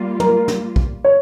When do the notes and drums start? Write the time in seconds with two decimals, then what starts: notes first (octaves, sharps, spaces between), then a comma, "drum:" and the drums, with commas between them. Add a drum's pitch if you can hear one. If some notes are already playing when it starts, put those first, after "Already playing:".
Already playing: G3 A#3 F4
0.20 A#4, drum: tom
0.48 drum: snare
0.76 drum: kick
1.04 C#5